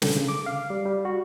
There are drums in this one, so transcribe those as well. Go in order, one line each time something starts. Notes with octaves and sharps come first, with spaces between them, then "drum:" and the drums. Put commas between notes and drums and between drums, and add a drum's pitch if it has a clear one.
D3, drum: snare
C#3
D6
F5
G3
G3
F#4